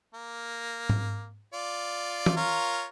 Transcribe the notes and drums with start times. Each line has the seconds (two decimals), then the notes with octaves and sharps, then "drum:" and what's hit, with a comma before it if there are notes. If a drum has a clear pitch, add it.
0.14 A#3
0.89 drum: tom G#2
1.53 F4 D5
2.26 drum: tom E3
2.37 F4 A#4 C#5